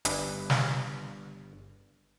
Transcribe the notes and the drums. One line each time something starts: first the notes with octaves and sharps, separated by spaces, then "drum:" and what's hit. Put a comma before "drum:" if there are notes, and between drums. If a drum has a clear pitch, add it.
G1 G2 B4 D5, drum: hi-hat
drum: snare